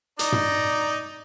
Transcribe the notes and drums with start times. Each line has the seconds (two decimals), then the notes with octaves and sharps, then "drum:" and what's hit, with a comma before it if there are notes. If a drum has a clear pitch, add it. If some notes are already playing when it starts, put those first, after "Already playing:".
0.19 D#4 D5 A#5, drum: hi-hat
0.32 drum: tom